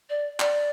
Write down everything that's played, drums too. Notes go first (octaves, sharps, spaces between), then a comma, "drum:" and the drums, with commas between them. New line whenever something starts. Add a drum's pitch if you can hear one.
D5
D5, drum: clap